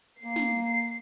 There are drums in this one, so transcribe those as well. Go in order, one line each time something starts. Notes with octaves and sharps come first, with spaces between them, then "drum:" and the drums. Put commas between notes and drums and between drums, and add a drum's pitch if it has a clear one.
A#3 C7
drum: snare